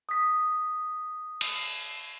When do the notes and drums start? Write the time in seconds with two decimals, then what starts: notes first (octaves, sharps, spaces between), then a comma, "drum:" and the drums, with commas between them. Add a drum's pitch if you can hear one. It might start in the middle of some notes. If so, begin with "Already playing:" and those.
0.09 D#6 B6
1.41 drum: cymbal